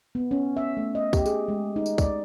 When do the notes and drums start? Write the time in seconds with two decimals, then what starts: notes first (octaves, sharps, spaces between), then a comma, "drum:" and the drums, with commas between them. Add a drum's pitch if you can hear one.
0.15 B3
0.31 C#4
0.57 E5
0.77 A3
0.95 D#5
1.13 G4, drum: kick, tambourine
1.26 G#4, drum: tambourine
1.48 G#3
1.76 D#4
1.86 drum: tambourine
1.98 D5, drum: kick, tambourine